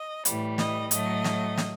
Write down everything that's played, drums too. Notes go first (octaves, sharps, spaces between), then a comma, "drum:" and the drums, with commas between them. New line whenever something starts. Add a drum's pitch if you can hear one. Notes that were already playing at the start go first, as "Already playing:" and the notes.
Already playing: D#5
A2 E3 G3, drum: hi-hat
D#5, drum: snare
A2 F#3 A3 D#5, drum: hi-hat
drum: snare
drum: snare